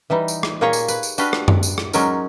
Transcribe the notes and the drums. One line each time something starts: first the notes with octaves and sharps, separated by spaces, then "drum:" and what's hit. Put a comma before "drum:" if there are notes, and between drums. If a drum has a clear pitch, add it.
E3 G3 D#4
drum: tambourine
drum: rim click
A#2 A#3 G4 G#4 C#5 A#5
drum: tambourine
B4, drum: tambourine
drum: tambourine
D4 F#4 G4 B4 D#5 F5, drum: tambourine
drum: rim click
drum: tom F#2
drum: tambourine
drum: rim click
F#3 G#3 C#4 D#4 A#4 D5, drum: tambourine